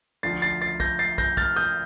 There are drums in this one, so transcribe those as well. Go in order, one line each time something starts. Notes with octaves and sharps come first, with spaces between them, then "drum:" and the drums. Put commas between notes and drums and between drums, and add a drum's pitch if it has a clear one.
D2 D3 F3 A6 C7
A6 C7
A6 C7
G6 A#6, drum: kick
A6 C7
G6 A#6, drum: kick
F6 A6, drum: kick
D#6 G6